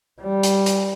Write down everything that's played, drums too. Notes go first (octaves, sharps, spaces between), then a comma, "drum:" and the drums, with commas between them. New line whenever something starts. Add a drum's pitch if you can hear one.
G3
drum: hi-hat
drum: hi-hat